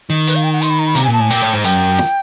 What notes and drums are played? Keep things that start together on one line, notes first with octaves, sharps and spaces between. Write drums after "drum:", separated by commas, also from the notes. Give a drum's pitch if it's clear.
D#3
B4, drum: hi-hat
F5
G5
F#5
C6, drum: hi-hat
B5
A#5
B5
C3 A#5, drum: hi-hat
G#5
A#2
A5
A2 G#5
A#2 G5, drum: hi-hat
A2
G#2
F#2 G5, drum: hi-hat
drum: snare